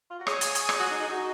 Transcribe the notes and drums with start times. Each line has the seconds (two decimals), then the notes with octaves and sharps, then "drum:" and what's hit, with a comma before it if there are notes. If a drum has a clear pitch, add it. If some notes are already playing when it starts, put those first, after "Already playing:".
0.10 F4
0.19 F#4
0.27 G#4 C#5, drum: rim click
0.41 drum: hi-hat
0.55 drum: hi-hat
0.69 drum: rim click
0.79 F#4
0.90 D#4
1.00 D#4 G#4
1.10 D#4 F#4